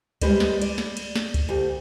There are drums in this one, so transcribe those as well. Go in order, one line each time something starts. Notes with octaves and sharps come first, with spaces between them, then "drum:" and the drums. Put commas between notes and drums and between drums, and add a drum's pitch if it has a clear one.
G3 G#3 G4 B4 C5 D5, drum: kick C#2, cymbal
drum: snare
D5, drum: cymbal
drum: snare
drum: cymbal
drum: snare
drum: kick C#2, cymbal
D2 G4